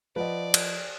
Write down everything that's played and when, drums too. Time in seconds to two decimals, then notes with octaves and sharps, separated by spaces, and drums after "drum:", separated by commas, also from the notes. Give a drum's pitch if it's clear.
0.16 F3 B4 D5 D#5 F#5
0.54 drum: cymbal